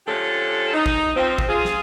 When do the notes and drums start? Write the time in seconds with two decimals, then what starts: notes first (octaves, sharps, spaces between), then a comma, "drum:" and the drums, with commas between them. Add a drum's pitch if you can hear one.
0.07 D3 F3 C#4 G4 A4
0.74 D#4
0.86 drum: kick
1.16 F3 C4
1.38 drum: kick
1.49 F4 G#4
1.65 drum: snare